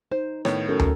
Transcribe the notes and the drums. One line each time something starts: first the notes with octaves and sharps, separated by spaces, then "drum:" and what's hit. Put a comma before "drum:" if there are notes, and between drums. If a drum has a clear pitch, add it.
D#4 C5
A2 D#3 B3 C#5, drum: rim click
F#2 A4 A#4
drum: tom